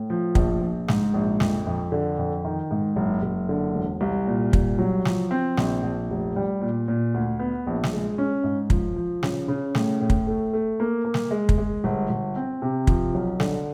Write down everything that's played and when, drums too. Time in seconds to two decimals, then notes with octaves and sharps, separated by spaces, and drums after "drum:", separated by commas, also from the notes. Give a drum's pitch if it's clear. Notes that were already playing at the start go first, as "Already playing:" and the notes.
Already playing: A2
0.10 F3
0.35 A#1, drum: kick
0.61 A#1
0.88 G#2, drum: snare
1.14 A#1
1.40 F2, drum: snare
1.67 F2
1.92 D3
2.18 F2
2.44 D#3
2.71 G#2
2.96 F#1
3.22 F#1
3.49 D3
3.75 E1
4.01 C2
4.27 A#2
4.53 C2, drum: kick
4.79 F#3
5.05 F3, drum: snare
5.31 C4
5.57 A#1, drum: snare
5.83 A#1
6.10 F1
6.36 G3
6.61 A#2
6.88 A#2
7.14 D2
7.39 B3
7.67 A#1
7.84 drum: snare
7.93 G#3
8.18 C#4
8.44 G#2
8.70 F3, drum: kick
8.96 F3
9.23 C#3, drum: snare
9.48 C#3
9.75 A2, drum: snare
10.00 A2
10.10 drum: kick
10.27 A3
10.53 A3
10.80 A#3
11.05 A#3
11.14 drum: snare
11.31 G#3
11.49 drum: kick
11.58 G#3
11.84 G1
12.10 G1
12.36 C4
12.62 C3
12.87 F3, drum: kick
13.14 B1
13.40 D3, drum: snare